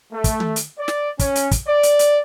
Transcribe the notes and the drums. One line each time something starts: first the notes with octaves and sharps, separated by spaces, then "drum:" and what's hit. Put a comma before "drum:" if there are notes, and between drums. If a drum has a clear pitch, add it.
A3
drum: kick, hi-hat
drum: tom
drum: hi-hat
D5
drum: snare
C#4, drum: kick, hi-hat
drum: hi-hat
drum: kick, hi-hat
D5
drum: hi-hat
drum: hi-hat